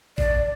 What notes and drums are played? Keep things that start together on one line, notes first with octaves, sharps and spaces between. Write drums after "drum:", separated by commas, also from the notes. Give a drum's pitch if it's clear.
D5, drum: kick G#1